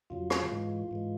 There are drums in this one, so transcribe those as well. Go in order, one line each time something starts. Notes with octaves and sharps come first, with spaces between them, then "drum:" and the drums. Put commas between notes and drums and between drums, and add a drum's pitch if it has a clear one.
F2 C#3 F#3 F4
drum: rim click
G#2 E3 G#3
G#2 E3 G#3